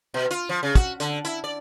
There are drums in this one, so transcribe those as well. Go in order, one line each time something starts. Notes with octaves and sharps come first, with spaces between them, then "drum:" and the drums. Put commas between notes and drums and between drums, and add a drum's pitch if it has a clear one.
B2
F4, drum: hi-hat
F3
C#3
F#4, drum: kick, hi-hat
D3, drum: hi-hat
E4, drum: hi-hat
D5